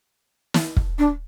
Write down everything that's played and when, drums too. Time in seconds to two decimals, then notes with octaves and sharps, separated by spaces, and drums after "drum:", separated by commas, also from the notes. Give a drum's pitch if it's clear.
0.54 drum: snare
0.77 drum: kick
0.99 D4